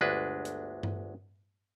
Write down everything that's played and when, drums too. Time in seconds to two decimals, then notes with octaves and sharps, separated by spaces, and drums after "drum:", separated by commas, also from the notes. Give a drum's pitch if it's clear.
0.01 G1 D2 G#3 D4 B4
0.45 drum: hi-hat
0.83 drum: tom G2